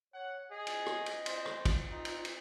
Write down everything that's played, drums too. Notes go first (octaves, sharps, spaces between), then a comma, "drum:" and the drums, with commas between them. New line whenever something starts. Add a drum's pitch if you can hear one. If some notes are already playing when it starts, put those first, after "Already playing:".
C#5 F#5
G#4 D#5
drum: cymbal
drum: rim click
drum: cymbal
C5, drum: cymbal
drum: rim click
drum: kick, cymbal
D#4 F4
drum: cymbal
drum: cymbal